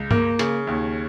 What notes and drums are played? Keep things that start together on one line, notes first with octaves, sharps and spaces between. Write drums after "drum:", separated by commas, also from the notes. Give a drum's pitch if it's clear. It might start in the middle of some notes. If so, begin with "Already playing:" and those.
Already playing: C#2
A#3, drum: tom G2
C#3, drum: hi-hat
D#2